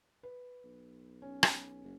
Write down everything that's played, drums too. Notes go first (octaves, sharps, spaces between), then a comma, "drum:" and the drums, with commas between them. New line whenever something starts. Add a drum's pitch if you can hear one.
B4
B1
C#4
drum: rim click
F#1